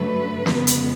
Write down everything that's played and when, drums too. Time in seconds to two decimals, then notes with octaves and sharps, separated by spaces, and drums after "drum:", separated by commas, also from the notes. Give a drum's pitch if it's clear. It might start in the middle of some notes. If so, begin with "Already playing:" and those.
Already playing: F#2 D3 F#3 A3 B4
0.46 F2 C#3 G#3 B3, drum: snare
0.67 drum: hi-hat